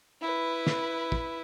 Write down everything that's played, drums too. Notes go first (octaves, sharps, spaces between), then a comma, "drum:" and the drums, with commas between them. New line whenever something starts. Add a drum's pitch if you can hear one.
E4 B4
drum: snare
drum: kick